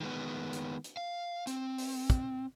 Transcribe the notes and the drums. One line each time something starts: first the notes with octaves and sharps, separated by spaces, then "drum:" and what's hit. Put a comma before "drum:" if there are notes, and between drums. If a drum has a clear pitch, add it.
D#3 G#3 B3
drum: hi-hat
drum: hi-hat
F5
C4, drum: hi-hat
drum: open hi-hat
drum: kick, hi-hat